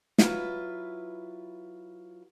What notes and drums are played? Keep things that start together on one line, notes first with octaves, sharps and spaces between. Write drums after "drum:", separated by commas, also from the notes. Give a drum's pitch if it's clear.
F#3 E4 F4 B4, drum: snare